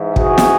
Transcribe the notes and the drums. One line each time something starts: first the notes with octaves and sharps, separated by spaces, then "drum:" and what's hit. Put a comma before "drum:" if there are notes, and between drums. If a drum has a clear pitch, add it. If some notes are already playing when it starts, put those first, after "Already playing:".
Already playing: G#2 E3
F#4 G#4, drum: kick
drum: snare